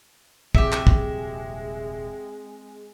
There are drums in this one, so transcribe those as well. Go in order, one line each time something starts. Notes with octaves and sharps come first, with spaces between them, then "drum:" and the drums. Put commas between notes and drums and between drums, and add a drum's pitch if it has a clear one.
D#1 C2 F2 G#3 C4 G4 G#4 E5, drum: kick
drum: clap
drum: kick